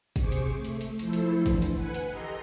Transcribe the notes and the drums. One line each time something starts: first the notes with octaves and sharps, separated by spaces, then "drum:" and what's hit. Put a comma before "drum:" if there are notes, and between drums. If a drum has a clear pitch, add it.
C3 G#4 C5 C#6 D6, drum: kick, hi-hat
drum: hi-hat
A3
drum: hi-hat
drum: hi-hat
F3 A3 E4 A4 C5, drum: hi-hat
drum: hi-hat
D3 E3
drum: kick, hi-hat
drum: hi-hat
B4 F#5 G#5
drum: hi-hat
G4 A4 D#5 A#5 C6